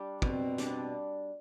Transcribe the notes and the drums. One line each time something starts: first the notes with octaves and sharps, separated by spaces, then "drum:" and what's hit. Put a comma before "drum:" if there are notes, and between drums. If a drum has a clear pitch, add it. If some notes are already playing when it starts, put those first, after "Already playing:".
Already playing: G3 D4
B2 C4, drum: kick
G3 D4, drum: hi-hat